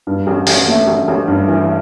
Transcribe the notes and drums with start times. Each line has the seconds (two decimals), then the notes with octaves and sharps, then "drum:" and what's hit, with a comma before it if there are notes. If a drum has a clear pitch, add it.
0.07 G2
0.27 A1
0.47 A1, drum: open hi-hat
0.68 A3
0.87 A1
1.08 A1
1.28 G2
1.48 E3